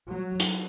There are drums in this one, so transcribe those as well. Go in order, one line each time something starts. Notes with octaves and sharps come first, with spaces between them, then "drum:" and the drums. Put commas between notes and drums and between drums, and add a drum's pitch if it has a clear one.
F#3
drum: hi-hat